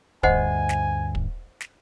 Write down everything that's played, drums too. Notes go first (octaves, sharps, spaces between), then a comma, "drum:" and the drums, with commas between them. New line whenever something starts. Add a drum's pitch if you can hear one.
D2 G2 C5 D#5 F#5 G#5, drum: kick
drum: snare
drum: kick
drum: snare